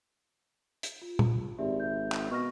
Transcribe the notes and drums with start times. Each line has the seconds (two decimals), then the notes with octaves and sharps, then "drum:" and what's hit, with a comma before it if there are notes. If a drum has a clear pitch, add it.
0.83 drum: hi-hat
1.02 F4
1.19 drum: tom
1.58 G#1 G4 D5 E5
1.80 E5 G6
2.12 drum: clap
2.31 B2 C#6 F6 A#6